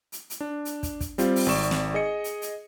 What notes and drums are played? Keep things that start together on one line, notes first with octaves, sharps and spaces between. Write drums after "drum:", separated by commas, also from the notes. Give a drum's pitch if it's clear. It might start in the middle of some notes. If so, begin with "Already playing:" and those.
drum: hi-hat
drum: hi-hat
D4
drum: hi-hat
drum: kick, hi-hat
drum: kick, hi-hat
G3 C4 F4 G4, drum: hi-hat
drum: open hi-hat
G#1 D5 C#6 E7
drum: snare
G#4 D#5 C#7
drum: hi-hat
drum: hi-hat